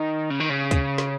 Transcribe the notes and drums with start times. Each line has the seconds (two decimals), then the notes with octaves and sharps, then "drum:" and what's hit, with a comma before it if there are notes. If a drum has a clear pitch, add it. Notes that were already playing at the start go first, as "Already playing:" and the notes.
Already playing: D#3
0.30 C#3
0.40 D#3
0.50 C#3
0.71 drum: kick C#2, hi-hat
0.98 drum: snare